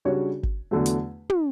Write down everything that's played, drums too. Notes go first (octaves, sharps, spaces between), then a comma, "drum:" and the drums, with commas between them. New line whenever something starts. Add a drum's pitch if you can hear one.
C#3 G3 D4 F#4 C#5
drum: kick G#1
E2 D3 F#3 A3
drum: hi-hat
drum: tom